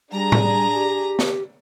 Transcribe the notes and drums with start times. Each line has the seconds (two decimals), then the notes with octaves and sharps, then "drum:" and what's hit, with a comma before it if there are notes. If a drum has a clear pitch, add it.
0.12 G3 D4 G#4 A#5
0.32 drum: tom A2
0.75 G4
1.19 drum: snare